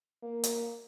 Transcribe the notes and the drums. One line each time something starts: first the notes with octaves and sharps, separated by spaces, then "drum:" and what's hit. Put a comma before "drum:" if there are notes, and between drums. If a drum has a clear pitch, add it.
A#3
drum: hi-hat